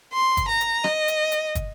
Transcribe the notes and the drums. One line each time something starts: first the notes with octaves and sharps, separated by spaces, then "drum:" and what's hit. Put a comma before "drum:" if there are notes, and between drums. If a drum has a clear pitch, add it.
C6
drum: kick, hi-hat
A#5
drum: hi-hat
D#5, drum: rim click
drum: hi-hat
drum: hi-hat
drum: kick, hi-hat